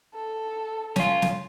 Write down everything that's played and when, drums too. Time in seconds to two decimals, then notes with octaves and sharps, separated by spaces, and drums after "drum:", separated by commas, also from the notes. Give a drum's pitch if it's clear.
0.15 A4
0.96 C#4 F4, drum: snare
1.22 drum: snare